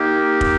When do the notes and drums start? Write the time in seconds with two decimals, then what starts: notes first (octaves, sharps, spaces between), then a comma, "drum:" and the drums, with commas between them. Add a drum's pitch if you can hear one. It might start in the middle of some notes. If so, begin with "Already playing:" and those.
Already playing: A#3 D#4 G4
0.41 drum: kick